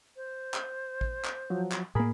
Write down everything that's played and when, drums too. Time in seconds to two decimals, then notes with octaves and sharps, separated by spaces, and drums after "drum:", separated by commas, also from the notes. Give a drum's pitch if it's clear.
0.16 C5
0.54 drum: clap
1.01 drum: kick A1
1.25 drum: clap
1.50 F3 F#3
1.72 drum: clap
1.95 A2 A#3 G#4 A#4 B5